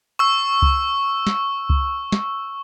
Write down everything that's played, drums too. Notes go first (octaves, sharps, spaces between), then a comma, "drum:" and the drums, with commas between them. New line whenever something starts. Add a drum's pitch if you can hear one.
C#6 E6
drum: kick C#2
drum: snare
drum: kick C#2
drum: snare